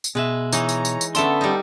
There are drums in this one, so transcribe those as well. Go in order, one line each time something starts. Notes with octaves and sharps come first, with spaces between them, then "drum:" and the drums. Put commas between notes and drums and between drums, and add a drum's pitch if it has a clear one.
drum: tambourine
B2 G#3 B4 E5
E3 D#4 C#5 A#5, drum: tambourine
drum: tambourine
drum: tambourine
drum: tambourine
D3 A3 B3 C#4 A4 E5 C6, drum: tambourine
G3 D#4